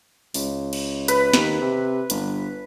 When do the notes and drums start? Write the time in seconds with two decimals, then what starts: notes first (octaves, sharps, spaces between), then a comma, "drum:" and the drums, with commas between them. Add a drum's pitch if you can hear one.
0.34 C#2, drum: open hi-hat
0.73 drum: cymbal
1.08 B4, drum: hi-hat
1.34 D#2, drum: snare
1.61 C3
2.10 G1, drum: hi-hat